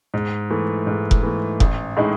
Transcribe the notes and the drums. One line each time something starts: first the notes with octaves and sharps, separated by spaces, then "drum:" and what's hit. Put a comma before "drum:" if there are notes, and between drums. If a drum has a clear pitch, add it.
G#2
E3 A3
G#2
drum: kick F1
E3 A3
A1, drum: kick F1
A2 G#3 D#4